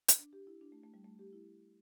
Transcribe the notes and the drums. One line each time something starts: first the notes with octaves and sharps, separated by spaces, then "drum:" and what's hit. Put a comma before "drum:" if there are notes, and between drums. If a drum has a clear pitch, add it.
drum: hi-hat
D4
G4
E4
D4
A3
A3
G3
A3
G4
E4